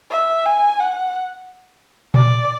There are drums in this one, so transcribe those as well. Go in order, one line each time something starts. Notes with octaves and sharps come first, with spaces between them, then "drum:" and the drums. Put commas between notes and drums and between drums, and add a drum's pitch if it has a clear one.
E5
G#5
F#5
D5, drum: tom A#2